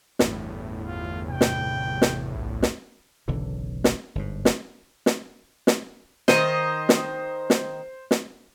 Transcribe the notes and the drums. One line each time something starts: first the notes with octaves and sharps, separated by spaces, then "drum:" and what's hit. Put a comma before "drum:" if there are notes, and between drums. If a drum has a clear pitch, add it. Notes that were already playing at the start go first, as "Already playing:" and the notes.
G1 E2 A2, drum: snare
F4
C3 G5
drum: snare
drum: snare
B1
drum: snare
F#1 B1 D3 E3
drum: snare
G1 G#2
drum: snare
drum: snare
drum: snare
D#3 C5 D#5, drum: snare
drum: snare
drum: snare
drum: snare